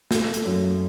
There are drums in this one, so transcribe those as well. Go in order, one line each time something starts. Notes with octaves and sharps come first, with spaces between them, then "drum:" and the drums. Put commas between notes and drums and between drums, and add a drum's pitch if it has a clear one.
A3, drum: snare
drum: hi-hat
F#2